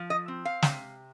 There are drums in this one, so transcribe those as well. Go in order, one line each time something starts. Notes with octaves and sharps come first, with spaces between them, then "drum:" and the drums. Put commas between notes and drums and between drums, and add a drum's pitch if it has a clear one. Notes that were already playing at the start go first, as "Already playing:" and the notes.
Already playing: F3
D#5
C4
F5
C3, drum: snare